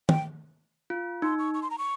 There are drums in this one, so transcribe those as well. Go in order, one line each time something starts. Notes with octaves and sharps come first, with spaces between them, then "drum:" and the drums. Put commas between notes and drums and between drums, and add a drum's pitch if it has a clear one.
G5, drum: tom
F4
D#4 C6
C#6
C#6
C6
A#5
C#6